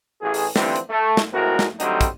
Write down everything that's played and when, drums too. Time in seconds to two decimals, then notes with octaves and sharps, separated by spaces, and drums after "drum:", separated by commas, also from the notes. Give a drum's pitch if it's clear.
0.22 A1 G#4
0.34 drum: open hi-hat
0.56 D3 E3 F3 G3 C4, drum: snare
0.76 drum: hi-hat
0.90 A3
1.17 drum: snare
1.33 C2 A2 G#3 C4 F#4 A#4
1.59 drum: snare
1.80 D3 F#3 G3 A3 C4 D#4, drum: hi-hat
2.01 drum: kick, hi-hat